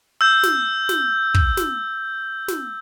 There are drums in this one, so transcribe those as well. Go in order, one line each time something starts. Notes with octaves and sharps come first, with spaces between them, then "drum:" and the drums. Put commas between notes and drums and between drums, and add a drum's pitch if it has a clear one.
E6 G6
drum: snare
drum: snare
drum: kick
drum: snare
drum: snare